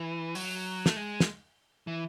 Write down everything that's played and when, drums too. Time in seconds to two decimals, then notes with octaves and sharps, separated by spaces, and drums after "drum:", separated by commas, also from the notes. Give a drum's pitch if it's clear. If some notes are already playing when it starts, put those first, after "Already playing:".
Already playing: E3
0.35 F#3, drum: open hi-hat
0.86 A3, drum: snare
0.96 G#3
1.20 drum: snare
1.87 E3